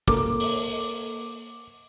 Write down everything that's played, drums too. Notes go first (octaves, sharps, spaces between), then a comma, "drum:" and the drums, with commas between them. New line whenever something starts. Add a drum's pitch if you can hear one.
A#3 A4 A#4 D6, drum: kick
drum: open hi-hat